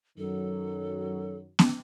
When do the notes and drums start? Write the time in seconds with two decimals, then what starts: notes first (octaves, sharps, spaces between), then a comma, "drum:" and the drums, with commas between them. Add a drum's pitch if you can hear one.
0.18 F#2 D#3 F#3 A4
1.59 drum: snare B3